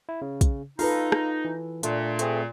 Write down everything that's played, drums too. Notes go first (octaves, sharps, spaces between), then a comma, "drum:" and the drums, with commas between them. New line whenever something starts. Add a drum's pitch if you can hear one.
E4
C#3
drum: kick, hi-hat
D#4 F4 A4 B4 F5, drum: open hi-hat
drum: rim click
E3
A#2 A3 D4, drum: hi-hat
A3 C4 G#4, drum: hi-hat